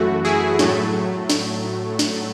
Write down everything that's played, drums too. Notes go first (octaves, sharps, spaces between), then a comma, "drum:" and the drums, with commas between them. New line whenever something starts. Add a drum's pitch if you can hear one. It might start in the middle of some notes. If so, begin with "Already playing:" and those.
Already playing: F#2 E3 A3 F#4
E4 G#4
A2 F#3 A3, drum: snare
drum: snare
drum: snare